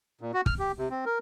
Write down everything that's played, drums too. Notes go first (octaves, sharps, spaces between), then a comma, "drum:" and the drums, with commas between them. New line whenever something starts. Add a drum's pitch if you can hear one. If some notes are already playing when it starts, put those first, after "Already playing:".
A#2
F#4
F6, drum: kick
G4
C3
C4
A#4